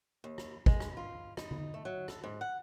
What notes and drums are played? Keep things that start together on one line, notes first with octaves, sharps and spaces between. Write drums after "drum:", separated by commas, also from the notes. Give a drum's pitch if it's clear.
D#2
drum: rim click
G#3, drum: kick
drum: rim click
F4
D#4, drum: rim click
drum: tom D3
A3
F#3
A4, drum: rim click
G#2
F#5